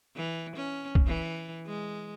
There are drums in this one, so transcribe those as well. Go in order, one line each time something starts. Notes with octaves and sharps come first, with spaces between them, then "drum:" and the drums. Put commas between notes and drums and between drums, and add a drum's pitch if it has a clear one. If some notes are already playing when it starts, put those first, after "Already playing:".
E3
C#4
drum: kick
E3
G#3